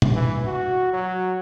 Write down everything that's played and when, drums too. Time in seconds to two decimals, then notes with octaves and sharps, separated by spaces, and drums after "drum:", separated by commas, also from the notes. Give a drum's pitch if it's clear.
0.02 drum: tom
0.14 E3
0.45 F#4
0.93 F#3